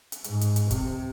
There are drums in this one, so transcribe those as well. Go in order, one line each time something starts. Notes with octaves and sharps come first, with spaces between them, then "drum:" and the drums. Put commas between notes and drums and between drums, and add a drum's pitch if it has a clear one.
drum: hi-hat
G#2, drum: hi-hat
drum: hi-hat
drum: hi-hat
C3, drum: kick, hi-hat